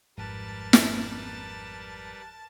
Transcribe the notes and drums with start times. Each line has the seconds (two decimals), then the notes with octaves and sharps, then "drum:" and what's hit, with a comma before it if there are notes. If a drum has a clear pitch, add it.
0.18 G#1 F2 G#2 G3 A#4 B4 A5
0.73 drum: snare